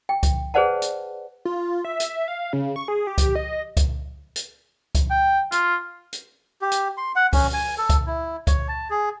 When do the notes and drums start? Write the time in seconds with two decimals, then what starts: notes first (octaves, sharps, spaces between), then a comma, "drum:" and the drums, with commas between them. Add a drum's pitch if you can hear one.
0.09 G5
0.23 drum: kick C#2, hi-hat
0.54 G#4 B4 C5 D5 F#5 A5
0.82 drum: hi-hat
1.45 F4
1.85 E5
2.00 drum: hi-hat
2.28 F5
2.53 C#3
2.76 C#6
2.88 G#4
3.07 G4
3.18 drum: kick C#2, hi-hat
3.35 D#5
3.77 drum: kick C#2, hi-hat
4.36 drum: hi-hat
4.95 drum: kick C#2, hi-hat
5.10 G5
5.52 F4, drum: hi-hat
6.13 drum: hi-hat
6.62 G4
6.72 drum: hi-hat
6.97 C6
7.16 F#5
7.33 C#4, drum: kick C#2, open hi-hat
7.54 G#5
7.78 A4
7.90 drum: kick C#2, hi-hat
8.06 E4
8.47 C#5, drum: kick C#2, hi-hat
8.68 A5
8.90 G#4